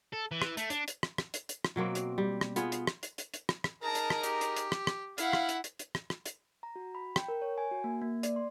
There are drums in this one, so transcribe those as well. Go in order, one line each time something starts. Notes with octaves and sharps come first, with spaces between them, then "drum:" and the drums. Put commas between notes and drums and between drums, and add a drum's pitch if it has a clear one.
A4
E3
drum: rim click
A3, drum: hi-hat
D4, drum: hi-hat
drum: hi-hat
drum: rim click
drum: rim click
drum: hi-hat
drum: hi-hat
drum: rim click
B2 F#3 A#3 C4
drum: hi-hat
G3
drum: rim click
B3 F4 G#4, drum: hi-hat
drum: hi-hat
drum: rim click
drum: hi-hat
drum: hi-hat
drum: hi-hat
drum: rim click
drum: rim click
D#4 G#4 A#4 A5 A#5
drum: hi-hat
drum: rim click
G4, drum: hi-hat
drum: hi-hat
drum: hi-hat
drum: rim click
drum: rim click
E4 F5 F#5, drum: hi-hat
drum: rim click
drum: hi-hat
drum: hi-hat
drum: hi-hat
drum: rim click
drum: rim click
drum: hi-hat
A#5
F#4
B5
G5, drum: rim click
A#4
C#5
G#5
F#4
A#3
A#3
D5, drum: hi-hat
C6